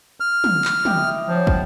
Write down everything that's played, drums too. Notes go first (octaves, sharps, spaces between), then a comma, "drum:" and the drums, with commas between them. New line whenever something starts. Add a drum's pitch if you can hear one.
F6
drum: tom
drum: clap
E4 G4 D#5, drum: tom
F3 F#3
drum: kick